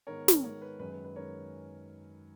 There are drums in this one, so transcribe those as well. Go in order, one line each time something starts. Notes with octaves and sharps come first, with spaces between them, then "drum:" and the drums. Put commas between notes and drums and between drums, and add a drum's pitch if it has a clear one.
G#2 D#3 G#3 B3 A#4 C#5
drum: snare
G#2 D#3 G#3 B3 A#4 C#5
B4
F#2 D#3 G#3 C#4 B4
B4
B4
D#3 G#3 C#4 A#4 C#5